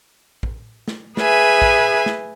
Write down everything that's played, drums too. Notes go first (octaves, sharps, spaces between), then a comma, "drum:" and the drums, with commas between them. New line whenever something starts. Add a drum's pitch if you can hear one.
drum: kick
drum: snare
G#4 B4 E5 G#5, drum: snare
drum: kick
drum: snare